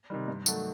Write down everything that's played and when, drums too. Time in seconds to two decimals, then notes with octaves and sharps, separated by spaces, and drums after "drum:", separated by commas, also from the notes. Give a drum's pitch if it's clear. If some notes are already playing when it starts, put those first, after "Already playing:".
0.10 C3 D#3 G3
0.28 G2
0.46 D#3 F#3 A3, drum: tambourine